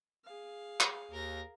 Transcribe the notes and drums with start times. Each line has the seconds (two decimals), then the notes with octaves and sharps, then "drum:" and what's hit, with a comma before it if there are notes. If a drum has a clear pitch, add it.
0.24 G#4 F5
0.80 drum: clap
1.11 D#2 A#4 A#6